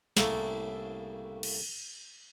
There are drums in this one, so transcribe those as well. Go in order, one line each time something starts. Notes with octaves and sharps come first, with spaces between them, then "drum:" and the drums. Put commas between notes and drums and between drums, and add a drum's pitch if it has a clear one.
C2 A2 C#3 A3 A#3 A4, drum: snare
drum: cymbal